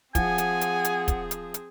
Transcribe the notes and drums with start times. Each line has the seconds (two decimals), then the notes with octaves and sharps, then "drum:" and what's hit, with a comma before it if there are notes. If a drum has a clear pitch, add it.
0.15 F3 C4 G#4 F#5 G#5, drum: kick, hi-hat
0.38 drum: hi-hat
0.61 drum: hi-hat
0.85 drum: hi-hat
1.08 drum: kick, hi-hat
1.31 drum: hi-hat
1.54 drum: hi-hat